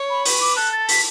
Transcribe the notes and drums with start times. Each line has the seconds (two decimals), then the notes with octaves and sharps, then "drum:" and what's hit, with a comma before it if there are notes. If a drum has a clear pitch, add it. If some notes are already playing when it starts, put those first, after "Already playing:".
Already playing: C#5
0.10 B5
0.25 B4 C#6, drum: open hi-hat
0.40 D6
0.56 A4 F#6
0.72 A6
0.89 B6, drum: open hi-hat